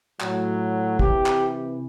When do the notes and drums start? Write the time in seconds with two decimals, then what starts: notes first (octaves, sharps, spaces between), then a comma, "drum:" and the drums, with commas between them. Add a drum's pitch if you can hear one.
0.20 A2 F#3, drum: clap
0.99 C3 E3 G4, drum: kick
1.26 drum: clap